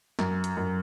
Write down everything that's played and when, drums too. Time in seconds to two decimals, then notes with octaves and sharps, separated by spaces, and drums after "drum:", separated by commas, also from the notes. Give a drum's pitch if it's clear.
0.19 F#2, drum: snare
0.44 drum: hi-hat
0.57 F#2